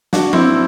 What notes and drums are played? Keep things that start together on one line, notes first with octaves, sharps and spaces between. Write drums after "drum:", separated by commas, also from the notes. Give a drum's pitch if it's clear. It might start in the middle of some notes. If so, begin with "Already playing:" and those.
D4 F#4, drum: snare
C4 E4, drum: tom F3